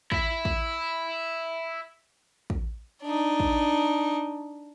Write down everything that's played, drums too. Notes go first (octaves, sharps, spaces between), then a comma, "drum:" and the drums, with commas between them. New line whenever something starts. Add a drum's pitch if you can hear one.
E4 E5, drum: kick
drum: kick
drum: kick
D4 D#4
drum: kick